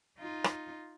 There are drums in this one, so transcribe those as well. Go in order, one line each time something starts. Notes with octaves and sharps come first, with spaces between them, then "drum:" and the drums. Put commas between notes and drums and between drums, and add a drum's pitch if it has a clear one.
D#4 F4
drum: rim click